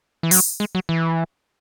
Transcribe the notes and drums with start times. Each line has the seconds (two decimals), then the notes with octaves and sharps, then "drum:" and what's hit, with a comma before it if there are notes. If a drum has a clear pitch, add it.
0.23 E3
0.31 F#3, drum: open hi-hat
0.60 G#3
0.75 F#3
0.89 E3